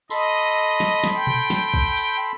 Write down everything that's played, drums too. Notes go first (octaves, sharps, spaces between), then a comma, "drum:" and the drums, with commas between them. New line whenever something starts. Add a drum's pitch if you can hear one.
A4 D#5 B5 C6, drum: tambourine
drum: snare
drum: snare
G5
drum: tom A#2
drum: snare
drum: kick
drum: tambourine